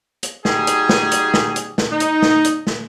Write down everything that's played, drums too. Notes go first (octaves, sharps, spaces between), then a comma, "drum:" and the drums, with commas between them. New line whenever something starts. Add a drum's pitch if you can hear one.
drum: hi-hat
G3 D#4 F#4 G#4, drum: snare
drum: hi-hat
drum: snare
drum: hi-hat
drum: snare
drum: hi-hat
drum: snare
D#4
drum: hi-hat
drum: snare
drum: hi-hat
drum: snare